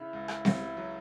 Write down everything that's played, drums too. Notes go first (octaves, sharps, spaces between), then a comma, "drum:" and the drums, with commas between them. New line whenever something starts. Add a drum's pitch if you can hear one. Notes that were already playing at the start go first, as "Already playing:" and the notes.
Already playing: C#3 E4
C#2
drum: rim click
C#2, drum: snare C4
F#3